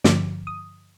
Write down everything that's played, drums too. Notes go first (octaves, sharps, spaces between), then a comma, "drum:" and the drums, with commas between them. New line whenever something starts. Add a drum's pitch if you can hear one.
G2 D3 F3 D6, drum: snare
D#6